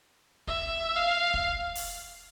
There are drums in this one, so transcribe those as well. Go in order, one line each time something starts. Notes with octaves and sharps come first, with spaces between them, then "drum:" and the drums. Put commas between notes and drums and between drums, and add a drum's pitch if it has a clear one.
E5, drum: kick
F5
drum: kick
drum: open hi-hat